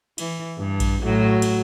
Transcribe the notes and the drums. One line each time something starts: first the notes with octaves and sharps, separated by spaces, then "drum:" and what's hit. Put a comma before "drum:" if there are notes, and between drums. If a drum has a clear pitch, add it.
E3, drum: cymbal
G2
drum: kick A#1, cymbal
A2 F#3 F#4
drum: cymbal